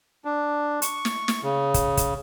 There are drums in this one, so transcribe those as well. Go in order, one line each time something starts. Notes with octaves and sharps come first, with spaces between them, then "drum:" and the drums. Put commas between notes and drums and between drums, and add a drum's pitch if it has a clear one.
D4
C#6, drum: hi-hat
drum: snare
drum: snare
C#3
drum: kick, hi-hat
drum: kick, hi-hat